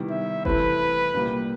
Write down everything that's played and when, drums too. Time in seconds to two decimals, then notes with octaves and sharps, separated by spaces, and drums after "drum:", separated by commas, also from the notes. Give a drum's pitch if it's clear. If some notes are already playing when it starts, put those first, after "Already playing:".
Already playing: C3 D#3 G3 B3 E4
0.10 E5
0.45 C3 E3 A3 C4 E4 B4, drum: kick F#1
1.14 C2 A#2 G3 A#3